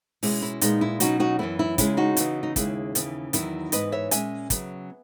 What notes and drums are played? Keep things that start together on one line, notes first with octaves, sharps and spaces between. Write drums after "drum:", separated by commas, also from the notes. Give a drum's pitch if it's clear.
B2 G#3 C#4 E4, drum: open hi-hat
E4
A#2 G#3 B3 D#4, drum: hi-hat
E4
B2 F#3 C#4 D#4 F#4, drum: hi-hat
D#4 F#4
F#2 E3 B3 E4
E4
C#3 G#3 C#4 E4, drum: kick, hi-hat
D#4 F#4
C#3 E3 B3, drum: hi-hat
D#4
D#2 C#3 G#3 E4, drum: kick, hi-hat
D#2 C#3 E3 B3, drum: hi-hat
E2 D#3 F#3 E4, drum: hi-hat
G#2 E3 B3 B4 D#5, drum: hi-hat
C#5 E5
A#2 G#3 C#4 E5 G#5, drum: hi-hat
C#3 F#3 B3, drum: kick, hi-hat